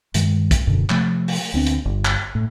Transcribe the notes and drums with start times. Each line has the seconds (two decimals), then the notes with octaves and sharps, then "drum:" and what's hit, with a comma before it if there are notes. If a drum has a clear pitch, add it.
0.14 G2 D#3 G#3, drum: hi-hat
0.51 drum: kick, hi-hat
0.66 E1 F#2 B2 D3
0.90 C3 F3 A3, drum: clap
1.28 drum: open hi-hat
1.54 D2 B3 C4 D4
1.67 drum: hi-hat
1.85 G1
2.05 drum: clap
2.35 A2